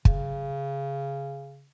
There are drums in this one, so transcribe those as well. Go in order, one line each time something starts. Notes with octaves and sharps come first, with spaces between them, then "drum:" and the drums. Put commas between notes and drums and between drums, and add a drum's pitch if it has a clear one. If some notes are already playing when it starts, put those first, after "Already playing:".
C#3, drum: kick